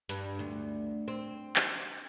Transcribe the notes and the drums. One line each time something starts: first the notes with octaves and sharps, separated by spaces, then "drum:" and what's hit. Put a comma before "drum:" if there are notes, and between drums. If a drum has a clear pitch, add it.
G2, drum: hi-hat
D2
C4
drum: clap